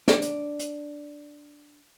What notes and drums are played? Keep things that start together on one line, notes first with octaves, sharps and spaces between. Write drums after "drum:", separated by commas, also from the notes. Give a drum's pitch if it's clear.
D4 D5, drum: snare
drum: hi-hat
drum: hi-hat